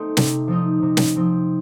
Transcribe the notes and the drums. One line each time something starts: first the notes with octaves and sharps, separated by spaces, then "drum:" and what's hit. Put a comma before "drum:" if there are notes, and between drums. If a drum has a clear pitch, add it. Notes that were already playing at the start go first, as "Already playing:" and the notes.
Already playing: A3 C4 D#4
C3, drum: snare
F3 C4 D#4
C3
drum: snare
F3 C4 D#4